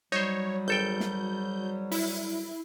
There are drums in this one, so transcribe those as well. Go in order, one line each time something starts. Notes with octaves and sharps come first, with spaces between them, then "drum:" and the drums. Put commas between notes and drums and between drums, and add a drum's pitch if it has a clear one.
F#3 G3 D#4 C5 C#5
G#1 A4 G5 G6
drum: snare
E4, drum: open hi-hat